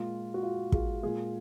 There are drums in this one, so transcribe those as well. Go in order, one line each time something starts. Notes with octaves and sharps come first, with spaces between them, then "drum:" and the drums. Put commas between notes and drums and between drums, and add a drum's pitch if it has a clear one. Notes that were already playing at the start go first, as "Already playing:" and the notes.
Already playing: A#2 G#3 F4
F#4
F4
F4 G#4, drum: kick
A#2 G#3 F4 G#4